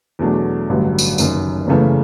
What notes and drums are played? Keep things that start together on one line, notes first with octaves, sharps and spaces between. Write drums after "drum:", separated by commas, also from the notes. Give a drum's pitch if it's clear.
E2 B2 F#3 A3 D4
A1 G2 D3 F#3
drum: tambourine
F#1 F#2 D#3, drum: tambourine
F#1 E2 C#3 E3 A3